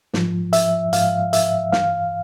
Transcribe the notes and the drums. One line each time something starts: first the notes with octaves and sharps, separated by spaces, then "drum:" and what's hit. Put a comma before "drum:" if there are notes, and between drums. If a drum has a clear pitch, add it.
G#2 F3, drum: snare
E5, drum: hi-hat
G#2 F3 F5, drum: hi-hat
E5, drum: hi-hat
G2 E3 F5, drum: snare